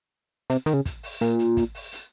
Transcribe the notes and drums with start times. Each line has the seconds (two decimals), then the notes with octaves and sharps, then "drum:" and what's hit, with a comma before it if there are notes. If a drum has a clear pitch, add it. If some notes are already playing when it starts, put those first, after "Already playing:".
0.50 C3, drum: hi-hat
0.66 D#3, drum: hi-hat
0.74 C#3
0.85 drum: kick, hi-hat
1.03 drum: open hi-hat
1.21 A#2, drum: hi-hat
1.39 drum: hi-hat
1.57 drum: kick, hi-hat
1.75 drum: open hi-hat
1.93 drum: hi-hat